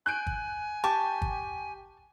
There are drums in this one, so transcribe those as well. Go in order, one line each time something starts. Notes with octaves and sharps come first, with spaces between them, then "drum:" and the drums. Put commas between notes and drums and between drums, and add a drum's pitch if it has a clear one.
G#5 F#6 G6 D7
drum: kick G1
G4 A5 C#6 D6
drum: kick G1